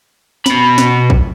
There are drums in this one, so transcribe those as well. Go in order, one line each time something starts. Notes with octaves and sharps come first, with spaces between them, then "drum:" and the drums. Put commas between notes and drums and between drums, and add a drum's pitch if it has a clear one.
B2 B5, drum: snare
drum: snare
drum: kick A#1